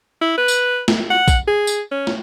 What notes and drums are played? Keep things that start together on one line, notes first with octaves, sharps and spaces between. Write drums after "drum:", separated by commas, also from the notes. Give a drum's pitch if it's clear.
E4
B4
drum: tambourine
drum: snare
F#5
drum: kick B1, tambourine
G#4
drum: tambourine
C#4
drum: snare